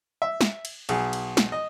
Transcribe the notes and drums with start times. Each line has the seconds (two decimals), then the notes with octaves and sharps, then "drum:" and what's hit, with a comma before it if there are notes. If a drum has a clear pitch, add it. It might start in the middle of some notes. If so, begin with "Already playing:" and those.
0.22 E5
0.41 drum: snare
0.65 drum: cymbal
0.89 B1 G#4, drum: cymbal
1.13 drum: cymbal
1.37 drum: snare
1.52 D#5